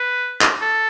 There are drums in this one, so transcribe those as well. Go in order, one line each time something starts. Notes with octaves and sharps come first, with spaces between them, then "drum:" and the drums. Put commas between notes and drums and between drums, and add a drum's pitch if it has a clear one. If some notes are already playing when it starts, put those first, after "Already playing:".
Already playing: B4
drum: clap
A4